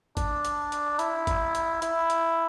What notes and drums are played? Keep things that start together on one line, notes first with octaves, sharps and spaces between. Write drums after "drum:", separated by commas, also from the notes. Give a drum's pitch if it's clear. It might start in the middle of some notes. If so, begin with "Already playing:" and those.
D4, drum: kick, hi-hat
drum: hi-hat
drum: hi-hat
E4, drum: hi-hat
drum: kick, hi-hat
drum: hi-hat
E4, drum: hi-hat
drum: hi-hat